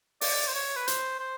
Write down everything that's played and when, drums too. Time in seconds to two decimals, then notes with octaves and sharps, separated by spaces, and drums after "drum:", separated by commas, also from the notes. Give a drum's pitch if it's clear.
0.21 D5, drum: open hi-hat
0.47 C5
0.54 C#5
0.76 B4
0.88 C5, drum: hi-hat
1.20 C5